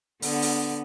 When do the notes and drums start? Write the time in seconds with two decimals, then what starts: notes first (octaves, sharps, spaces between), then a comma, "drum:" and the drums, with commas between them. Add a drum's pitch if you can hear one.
0.22 D3 B3, drum: open hi-hat
0.42 drum: open hi-hat